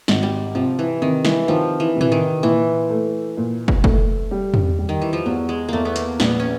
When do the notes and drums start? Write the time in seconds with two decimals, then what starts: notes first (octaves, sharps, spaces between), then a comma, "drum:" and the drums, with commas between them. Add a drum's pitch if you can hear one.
0.08 G#1, drum: snare
0.23 G3
0.55 C3 F3
0.79 E3
1.01 C3 D#3
1.25 E3, drum: snare
1.48 D#3 F3
1.80 E3
1.95 C3
2.01 E3, drum: tom A2
2.12 D#3
2.43 A#2 E3
2.89 A3
3.37 A#2
3.68 drum: kick
3.84 A3, drum: kick
4.31 G3
4.54 drum: tom
4.78 G3
4.89 D#3
5.02 E3
5.13 F3
5.25 E2 F#3
5.49 G#3
5.69 E2 A3 A#3
5.85 B3
5.96 A#3, drum: hi-hat
6.20 A#1 B3, drum: snare
6.40 C#4